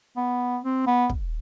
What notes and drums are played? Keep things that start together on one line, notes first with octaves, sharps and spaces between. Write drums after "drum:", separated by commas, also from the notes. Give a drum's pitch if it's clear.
B3
C4
B3
drum: kick